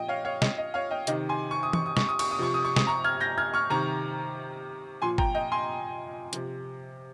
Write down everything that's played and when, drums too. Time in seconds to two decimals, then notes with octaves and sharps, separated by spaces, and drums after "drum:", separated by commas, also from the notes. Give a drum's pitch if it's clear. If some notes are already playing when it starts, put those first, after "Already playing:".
Already playing: A#2 F3 D#5 G5
0.08 C#5 F5
0.25 C#5 F5
0.42 D#5, drum: snare
0.58 D#5
0.74 C#5 F5
0.91 D#5 G5
1.07 C3 D#3 D#5, drum: hi-hat
1.29 G#5 C6
1.51 C#6
1.63 D#6
1.73 C#6, drum: tom E3
1.86 D#6
1.97 C#6, drum: snare
2.09 D#6
2.19 C#6, drum: cymbal
2.31 D#6
2.39 C3 F3 C#6
2.54 D#6
2.65 C#6
2.76 D#6, drum: snare
2.87 A#5 C#6
3.04 F6 G#6
3.20 G6 A#6
3.38 F6 G#6
3.54 C#6 F6
3.70 C3 D#3 A#5 C#6
5.02 A#2 F3 G#5 C6
5.18 G5 A#5, drum: kick
5.35 D#5 G5
5.52 G#5 C6
6.33 C3 F3, drum: hi-hat